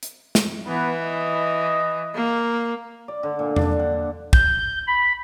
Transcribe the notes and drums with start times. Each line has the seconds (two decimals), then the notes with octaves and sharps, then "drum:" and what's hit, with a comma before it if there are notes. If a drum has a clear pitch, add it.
0.03 drum: hi-hat
0.35 drum: snare
0.68 E3 B3
1.00 D#5
2.15 A#3
3.08 D5
3.23 D3
3.39 A#2
3.56 D4, drum: tom E2
3.79 F#5
4.33 G6, drum: kick
4.87 B5